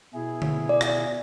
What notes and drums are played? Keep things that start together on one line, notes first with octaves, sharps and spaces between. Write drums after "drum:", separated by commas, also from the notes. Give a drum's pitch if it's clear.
B2 E4 G#4
drum: tom D3
D5
drum: rim click